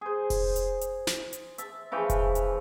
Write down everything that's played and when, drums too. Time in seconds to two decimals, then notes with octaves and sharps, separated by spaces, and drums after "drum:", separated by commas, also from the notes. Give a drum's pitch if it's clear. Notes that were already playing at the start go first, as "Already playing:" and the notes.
0.01 G#4 C5
0.30 drum: kick F1, open hi-hat
0.56 drum: hi-hat
0.81 drum: hi-hat
1.07 drum: snare
1.33 drum: hi-hat
1.58 E5 A5, drum: hi-hat
1.92 C#3 E3 F3 G5
2.10 drum: kick F1, hi-hat
2.35 drum: hi-hat